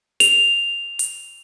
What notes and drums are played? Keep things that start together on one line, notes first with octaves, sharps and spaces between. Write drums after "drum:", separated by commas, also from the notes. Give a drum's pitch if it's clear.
F7, drum: hi-hat
drum: hi-hat